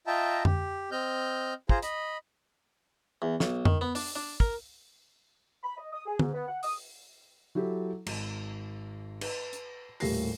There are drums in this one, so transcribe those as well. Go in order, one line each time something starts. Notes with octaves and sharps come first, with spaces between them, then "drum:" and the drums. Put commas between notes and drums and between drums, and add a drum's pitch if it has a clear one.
F4 D#5 E5 G5 A5 A#5
G4, drum: tom F2
C4 D#5 F6 G6
F4 G#4 C5 A#5, drum: kick
D#5 B5, drum: hi-hat
E2
B1, drum: snare
D#3, drum: tom F2
B3
D4, drum: open hi-hat
D4
A#4, drum: kick
B5
D#5
D#6
G#4
G#2, drum: tom D3
B3
F#5
D#6, drum: open hi-hat
F#3 E4 G4 A4
G#1, drum: cymbal
B4, drum: cymbal
drum: hi-hat
D#1 A2 G4 A#4 A#6 C7, drum: open hi-hat